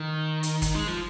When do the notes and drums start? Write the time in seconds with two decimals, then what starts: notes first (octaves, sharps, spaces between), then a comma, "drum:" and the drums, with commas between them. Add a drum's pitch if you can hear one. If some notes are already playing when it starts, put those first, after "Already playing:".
Already playing: D#3
0.43 drum: hi-hat
0.62 drum: kick, hi-hat
0.75 G#3
0.87 F3